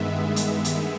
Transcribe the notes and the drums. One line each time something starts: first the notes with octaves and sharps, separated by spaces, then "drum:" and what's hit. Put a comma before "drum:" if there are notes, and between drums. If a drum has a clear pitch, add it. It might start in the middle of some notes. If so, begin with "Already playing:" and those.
Already playing: G2 D#3 G#3 B3 E5
E5
drum: hi-hat
drum: hi-hat